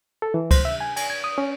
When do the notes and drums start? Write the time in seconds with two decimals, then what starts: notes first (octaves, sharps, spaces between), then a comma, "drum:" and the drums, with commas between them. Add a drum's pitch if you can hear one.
0.22 A4
0.34 E3
0.51 C5, drum: kick C#2, cymbal
0.65 E5
0.81 G#5
0.96 G#5, drum: cymbal
1.10 G#6
1.24 D#6
1.38 C#4